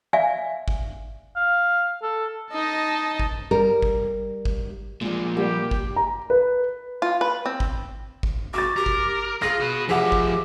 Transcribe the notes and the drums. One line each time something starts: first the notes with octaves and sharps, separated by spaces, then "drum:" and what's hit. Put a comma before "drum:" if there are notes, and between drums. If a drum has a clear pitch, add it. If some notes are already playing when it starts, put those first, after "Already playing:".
D5 E5 F5 G#5
drum: kick
F5
A4
D#4 D#5 A5
drum: kick
G3 A#4
drum: kick
drum: kick
A#2 F3 G3 G#3
G3 A#3 G4
drum: kick
A#5
B4
F4
B4
C4
drum: kick
drum: kick
F#4 D6 A6
G4 A#4
drum: kick
F4 G#4 A#6
F#4 B4
F3 G4 G#4 E5 F#5
drum: kick